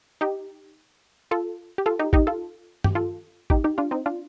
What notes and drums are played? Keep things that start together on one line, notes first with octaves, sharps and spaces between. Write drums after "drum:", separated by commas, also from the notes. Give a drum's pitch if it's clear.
D#4 G4
F4 A4
G4
F4 A4
D#4 G4
D#4 G4, drum: kick
F4 A4
G4, drum: tom G2
F4 A4
D#4 G4, drum: kick
D#4 G4
D4 F4
C4 D#4
D4 F4